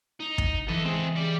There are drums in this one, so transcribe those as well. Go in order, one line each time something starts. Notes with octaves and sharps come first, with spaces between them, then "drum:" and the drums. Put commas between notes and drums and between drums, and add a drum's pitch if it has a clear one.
D#4
drum: kick
E3 A4 D#5
G#3 C4 G#4
G3 D5